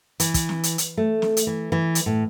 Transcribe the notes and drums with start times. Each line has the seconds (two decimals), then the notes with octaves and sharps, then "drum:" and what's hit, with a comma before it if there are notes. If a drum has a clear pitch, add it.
0.20 E3, drum: hi-hat
0.34 drum: kick, hi-hat
0.49 drum: snare
0.63 drum: hi-hat
0.78 drum: hi-hat
0.97 A3
1.22 drum: snare
1.37 drum: hi-hat
1.47 E3
1.72 E3
1.95 drum: hi-hat
2.06 A2